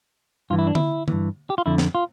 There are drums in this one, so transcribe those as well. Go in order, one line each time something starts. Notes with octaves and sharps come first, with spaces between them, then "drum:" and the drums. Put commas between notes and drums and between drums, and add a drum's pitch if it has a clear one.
G2 E3 F4
E4
D4
E4, drum: tom D3
G2 E3, drum: tom D3
G4
F4
F2 D3 E4
drum: snare
F4